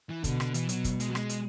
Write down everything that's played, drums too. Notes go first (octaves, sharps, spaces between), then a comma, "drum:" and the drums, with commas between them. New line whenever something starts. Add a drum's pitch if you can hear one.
E3
B2 D3, drum: kick, hi-hat
D3, drum: rim click
E3, drum: hi-hat
B2 F#3, drum: hi-hat
drum: kick, hi-hat
G#3, drum: hi-hat
F#3
G#3, drum: rim click
drum: hi-hat